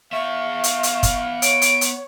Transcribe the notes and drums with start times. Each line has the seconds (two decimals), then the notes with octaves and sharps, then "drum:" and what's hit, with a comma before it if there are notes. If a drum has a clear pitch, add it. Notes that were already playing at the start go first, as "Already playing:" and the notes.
0.12 B3 E5 F5 C#6
0.64 drum: hi-hat
0.83 drum: hi-hat
1.03 drum: kick, hi-hat
1.42 C#5 D7, drum: hi-hat
1.62 drum: hi-hat
1.81 drum: hi-hat